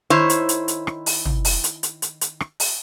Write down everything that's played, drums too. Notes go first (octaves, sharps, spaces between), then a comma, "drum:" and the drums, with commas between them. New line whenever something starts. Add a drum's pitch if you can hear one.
D#3 E4 C5 C#5
drum: hi-hat
drum: hi-hat
drum: hi-hat
drum: rim click
drum: open hi-hat
drum: tom
drum: open hi-hat
drum: hi-hat
drum: hi-hat
drum: hi-hat
drum: hi-hat
drum: rim click
drum: open hi-hat